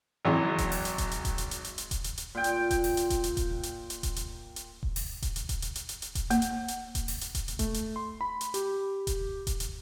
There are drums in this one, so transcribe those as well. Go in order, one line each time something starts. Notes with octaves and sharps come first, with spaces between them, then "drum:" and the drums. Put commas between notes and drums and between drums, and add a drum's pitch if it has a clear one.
G#1 E3 F#3
drum: kick D#1, hi-hat
drum: open hi-hat
drum: hi-hat
drum: kick D#1, hi-hat
drum: hi-hat
drum: kick D#1, hi-hat
drum: hi-hat
drum: hi-hat
drum: hi-hat
drum: hi-hat
drum: kick D#1, hi-hat
drum: hi-hat
drum: hi-hat
A#2 G5
drum: hi-hat
drum: kick D#1, hi-hat
drum: open hi-hat
drum: hi-hat
drum: kick D#1, hi-hat
drum: hi-hat
drum: kick D#1, hi-hat
drum: hi-hat
drum: hi-hat
drum: kick D#1, hi-hat
drum: hi-hat
drum: hi-hat
drum: kick D#1
drum: open hi-hat
drum: kick D#1, hi-hat
drum: hi-hat
drum: kick D#1, hi-hat
drum: hi-hat
drum: hi-hat
drum: hi-hat
drum: hi-hat
drum: kick D#1, hi-hat
A#3, drum: hi-hat
drum: hi-hat
drum: hi-hat
drum: kick D#1, hi-hat
drum: open hi-hat
drum: hi-hat
drum: kick D#1, hi-hat
drum: hi-hat
A3, drum: kick D#1, hi-hat
drum: hi-hat
C6
B5
drum: hi-hat
G4, drum: hi-hat
drum: kick D#1, hi-hat
drum: kick D#1, hi-hat
drum: hi-hat